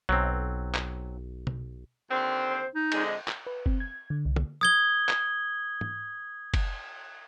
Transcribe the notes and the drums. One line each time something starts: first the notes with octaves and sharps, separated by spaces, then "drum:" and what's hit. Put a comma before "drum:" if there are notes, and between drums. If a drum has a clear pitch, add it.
B1 F#3 C4
drum: clap
drum: tom B2
D#2 D3 C4
C5
D#4
F2 D3 G#3, drum: cymbal
D#5
drum: clap
B4
C4, drum: kick F#1
G#6
D3
C2
drum: tom
D#6 G#6 G7
drum: clap
drum: tom
drum: kick F#1, cymbal